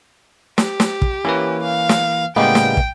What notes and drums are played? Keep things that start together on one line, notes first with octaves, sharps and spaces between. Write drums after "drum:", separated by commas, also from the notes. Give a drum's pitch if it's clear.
G4, drum: snare
drum: snare
drum: kick
E3 A#3 C#4 B4
F5
drum: snare
A2 C#3 G3 G#3 A#3 B3 G5
drum: snare
drum: kick